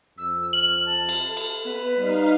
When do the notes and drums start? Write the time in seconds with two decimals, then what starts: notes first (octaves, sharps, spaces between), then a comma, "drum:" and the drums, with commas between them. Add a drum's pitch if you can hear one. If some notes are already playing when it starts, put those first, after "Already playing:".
0.18 F2 E6
0.53 F6 F#7
0.86 A5
1.09 drum: cymbal
1.28 A4
1.37 drum: cymbal
1.65 B3 B4
1.97 G3 D#4 F5